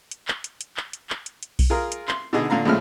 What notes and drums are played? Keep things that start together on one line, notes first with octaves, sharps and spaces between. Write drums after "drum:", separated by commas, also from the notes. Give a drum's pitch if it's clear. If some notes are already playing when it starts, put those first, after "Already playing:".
drum: hi-hat
drum: clap
drum: hi-hat
drum: hi-hat
drum: clap
drum: hi-hat
drum: clap
drum: hi-hat
drum: hi-hat
drum: kick B1, open hi-hat
F4 G#4 A#4
drum: hi-hat
C6, drum: clap
B2 D3 D#4 G#4
A#2 D3 F5 A#5
A#1 A2 F3 G#3 A3 F6